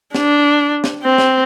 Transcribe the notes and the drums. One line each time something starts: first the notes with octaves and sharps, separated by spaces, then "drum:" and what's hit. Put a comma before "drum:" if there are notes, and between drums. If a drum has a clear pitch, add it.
D4, drum: snare
drum: snare
C4
drum: snare